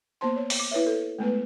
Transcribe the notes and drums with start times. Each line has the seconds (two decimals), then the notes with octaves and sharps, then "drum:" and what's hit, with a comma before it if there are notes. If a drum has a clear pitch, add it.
0.21 A#3 B3 C5 A5 C6
0.36 C#5
0.50 drum: open hi-hat
0.59 D6
0.71 E4 B4 C#5 E5
0.86 A4
1.19 G#3 A3 B3 B4